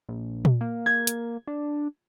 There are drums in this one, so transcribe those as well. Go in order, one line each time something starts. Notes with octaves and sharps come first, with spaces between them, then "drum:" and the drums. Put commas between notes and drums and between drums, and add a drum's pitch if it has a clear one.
A#1
drum: tom A#2
A#3
G#6
drum: hi-hat
D4